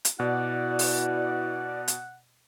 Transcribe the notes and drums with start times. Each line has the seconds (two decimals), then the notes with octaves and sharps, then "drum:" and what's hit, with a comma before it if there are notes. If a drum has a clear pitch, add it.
0.05 drum: hi-hat
0.20 B2 B3 E4 F#4 D5 F#5
0.79 drum: open hi-hat
1.88 drum: hi-hat